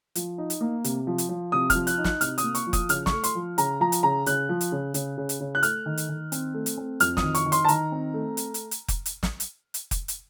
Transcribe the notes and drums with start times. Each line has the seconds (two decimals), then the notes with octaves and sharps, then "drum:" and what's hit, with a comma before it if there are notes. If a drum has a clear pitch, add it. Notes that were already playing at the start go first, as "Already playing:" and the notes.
0.15 F3, drum: hi-hat
0.38 D#4
0.50 drum: hi-hat
0.61 A#3
0.84 C3, drum: hi-hat
1.07 F3
1.18 drum: hi-hat
1.29 F3
1.52 C3 D#6
1.70 F3 F6, drum: kick F1, hi-hat
1.87 F#6, drum: hi-hat
1.98 D#4
2.04 F#6, drum: snare
2.21 C3 F6, drum: hi-hat
2.38 D#6, drum: hi-hat
2.43 A#3
2.55 C#6, drum: hi-hat
2.67 F3
2.73 D#6, drum: kick F1, hi-hat
2.89 C#3 F6, drum: hi-hat
3.06 C#6, drum: snare
3.12 A3
3.24 C6, drum: hi-hat
3.35 F3
3.58 C#3 A#5, drum: hi-hat
3.80 F3 A#5
3.92 drum: hi-hat
4.03 C#3 A#5
4.26 C#3 F#6, drum: hi-hat
4.49 F3
4.61 drum: hi-hat
4.72 C#3
4.94 C#3, drum: hi-hat
5.18 C#3
5.29 drum: hi-hat
5.40 C#3
5.55 F#6
5.63 A3 F6, drum: hi-hat
5.86 D#3
5.97 drum: hi-hat
6.09 D#3
6.32 C4, drum: hi-hat
6.54 A3
6.66 drum: hi-hat
6.78 C4
7.00 F2 F6, drum: hi-hat
7.17 D#6, drum: snare
7.23 D#3
7.35 C#6, drum: hi-hat
7.46 D#3
7.52 C6, drum: hi-hat
7.65 A5
7.68 D#3 A#5, drum: hi-hat
7.92 C4
8.14 A3
8.37 drum: hi-hat
8.54 drum: hi-hat
8.71 drum: hi-hat
8.88 drum: kick F1, hi-hat
9.06 drum: hi-hat
9.23 drum: snare
9.40 drum: hi-hat
9.74 drum: hi-hat
9.91 drum: kick F1, hi-hat
10.08 drum: hi-hat